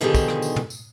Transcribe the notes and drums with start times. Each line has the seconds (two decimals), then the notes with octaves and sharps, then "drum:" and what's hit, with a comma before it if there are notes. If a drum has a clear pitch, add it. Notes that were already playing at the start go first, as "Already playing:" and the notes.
0.01 B2 D3 D#3 F3 G4 G#4
0.15 drum: kick, tambourine
0.28 drum: rim click
0.42 drum: tambourine
0.56 drum: tom
0.70 drum: tambourine